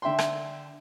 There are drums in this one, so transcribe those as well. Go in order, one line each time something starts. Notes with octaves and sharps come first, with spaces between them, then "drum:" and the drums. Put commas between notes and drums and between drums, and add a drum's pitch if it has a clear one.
D3 E5 G5 C6
drum: rim click